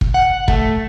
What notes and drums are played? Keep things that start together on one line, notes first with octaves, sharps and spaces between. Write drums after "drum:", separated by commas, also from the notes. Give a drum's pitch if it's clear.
drum: kick
F#5
A3, drum: kick